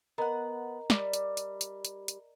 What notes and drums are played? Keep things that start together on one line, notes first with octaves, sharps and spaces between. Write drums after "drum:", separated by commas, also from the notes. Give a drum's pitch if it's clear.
B3 A#4 D#5 F#5 A#5
G3, drum: snare
drum: hi-hat
drum: hi-hat
drum: hi-hat
drum: hi-hat
drum: hi-hat